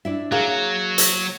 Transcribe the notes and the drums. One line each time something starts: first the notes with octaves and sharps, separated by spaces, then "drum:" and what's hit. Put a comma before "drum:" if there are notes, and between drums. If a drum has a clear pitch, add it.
D4 E4 E5
F#3 A#3 G#4
drum: hi-hat